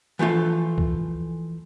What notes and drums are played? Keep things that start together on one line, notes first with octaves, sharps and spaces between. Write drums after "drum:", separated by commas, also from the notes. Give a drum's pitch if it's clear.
E3 F3 A3 F4
drum: kick C2